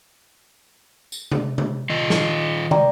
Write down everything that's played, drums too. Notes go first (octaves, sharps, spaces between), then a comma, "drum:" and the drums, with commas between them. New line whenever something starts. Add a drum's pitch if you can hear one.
drum: tambourine
drum: tom C3
drum: tom C3
D#3 F4 D#5
drum: snare
D5 G5 A#5, drum: tom